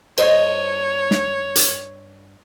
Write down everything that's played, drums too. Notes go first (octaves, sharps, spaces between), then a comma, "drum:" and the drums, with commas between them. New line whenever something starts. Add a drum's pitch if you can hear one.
G2 C5 C#5 D#5, drum: cymbal
drum: snare
drum: hi-hat